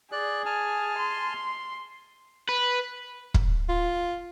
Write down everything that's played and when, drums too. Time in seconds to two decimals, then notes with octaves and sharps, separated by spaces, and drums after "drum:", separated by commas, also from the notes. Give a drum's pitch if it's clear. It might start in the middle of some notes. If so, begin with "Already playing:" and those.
0.12 G#4 D5 F#6
0.46 G#5 A5 F6
0.98 C6
2.49 B4
3.34 drum: kick
3.69 F4